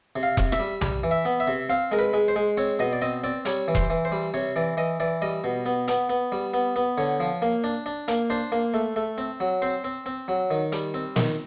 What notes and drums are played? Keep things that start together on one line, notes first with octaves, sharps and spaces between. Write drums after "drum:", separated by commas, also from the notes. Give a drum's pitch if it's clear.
C3
F5
C3, drum: kick E1
E5, drum: rim click
G3
G3, drum: tom B1
E3
E5
B3
E5
C3
C4 F5
G#3 A#4
B4
G#3
C5
G#3
C4 C#5
B2 D#5
D5
C4 D#5
C4 D5
G3 C#5, drum: hi-hat
E3
C5, drum: kick E1
E3
C5
G3
C3 C#5
E3 D5
E3 D#5
E3 D5
G3 D#5
B2
B3
B3, drum: hi-hat
B3
G3
B3
B3
D3 C#5
F3
A#3
D4
D4
A#3, drum: hi-hat
D4 C5
A#3
A3
A3
C4
F#3
C4 C5
C4
C4
F#3
D#3
G3, drum: hi-hat
C4
D#3, drum: snare